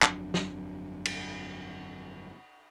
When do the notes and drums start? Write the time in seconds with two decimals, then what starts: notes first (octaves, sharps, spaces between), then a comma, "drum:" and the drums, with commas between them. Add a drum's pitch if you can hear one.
0.02 G1 F2 F#3 D4, drum: clap
0.34 drum: snare
1.05 drum: cymbal